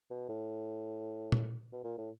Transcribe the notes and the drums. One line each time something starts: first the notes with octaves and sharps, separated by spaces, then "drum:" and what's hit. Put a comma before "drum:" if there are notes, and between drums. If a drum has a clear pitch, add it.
B2
A2
drum: tom
B2
A#2
A2